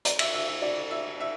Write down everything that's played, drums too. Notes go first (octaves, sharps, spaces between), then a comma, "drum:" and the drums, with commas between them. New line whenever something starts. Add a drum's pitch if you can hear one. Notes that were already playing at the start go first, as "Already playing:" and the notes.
D5, drum: hi-hat
E5, drum: cymbal
E5
E5
D5
E5
E5